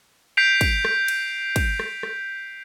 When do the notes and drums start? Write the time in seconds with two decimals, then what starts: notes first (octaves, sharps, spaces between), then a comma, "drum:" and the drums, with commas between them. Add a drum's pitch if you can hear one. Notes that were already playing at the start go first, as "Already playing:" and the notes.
0.37 G6 B6 C7 D7 F7
0.61 drum: kick, cymbal
0.85 drum: rim click
1.08 drum: cymbal
1.56 drum: kick, cymbal
1.80 drum: rim click
2.03 drum: rim click